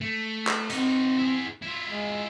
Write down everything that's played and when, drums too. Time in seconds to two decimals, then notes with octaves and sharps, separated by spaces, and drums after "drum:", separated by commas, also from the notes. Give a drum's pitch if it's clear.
0.01 A3
0.47 drum: clap
0.70 C4 D#4 F#4, drum: hi-hat
1.18 E4 G#4
1.62 E4 F4
1.88 G#3